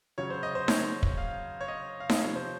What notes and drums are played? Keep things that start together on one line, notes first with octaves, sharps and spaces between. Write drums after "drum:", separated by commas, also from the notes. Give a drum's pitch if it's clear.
C#3 F#3 C#5
C5
D#5
C5
C#5, drum: snare D#4
drum: kick
F5
C#5
D#5
F5
D#5, drum: snare D#4
C3 F3 C#5
C5